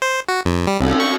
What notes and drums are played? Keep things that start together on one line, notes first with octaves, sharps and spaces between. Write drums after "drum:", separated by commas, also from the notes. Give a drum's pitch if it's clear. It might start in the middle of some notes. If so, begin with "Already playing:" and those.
C5
F#4
F2
G3
C2, drum: cymbal
C#6